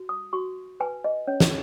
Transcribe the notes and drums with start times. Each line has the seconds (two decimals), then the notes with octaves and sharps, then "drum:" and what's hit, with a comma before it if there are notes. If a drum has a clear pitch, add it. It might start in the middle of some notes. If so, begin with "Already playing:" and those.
Already playing: F#4
0.09 D#6
0.33 F#4 C#6
0.80 B4 G#5
1.04 D#5
1.27 C#4 C#5
1.40 drum: snare